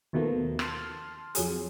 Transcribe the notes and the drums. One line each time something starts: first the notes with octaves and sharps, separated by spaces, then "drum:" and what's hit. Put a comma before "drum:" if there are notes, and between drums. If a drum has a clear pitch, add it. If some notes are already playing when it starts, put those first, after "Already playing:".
D#2 B2 D#3 F3 A3 A#3
A5 C6 F6, drum: rim click
F2 F#3 G#4, drum: hi-hat